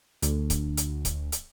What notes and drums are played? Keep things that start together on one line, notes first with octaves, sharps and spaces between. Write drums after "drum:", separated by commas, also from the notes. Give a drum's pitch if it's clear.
D2, drum: hi-hat
drum: kick C#1, hi-hat
drum: hi-hat
drum: kick C#1, hi-hat
drum: hi-hat